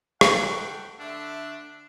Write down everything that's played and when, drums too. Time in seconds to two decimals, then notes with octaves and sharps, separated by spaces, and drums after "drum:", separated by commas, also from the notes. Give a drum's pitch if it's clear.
0.21 A3 F#5 G5, drum: rim click
0.99 D3 A3 D4 E5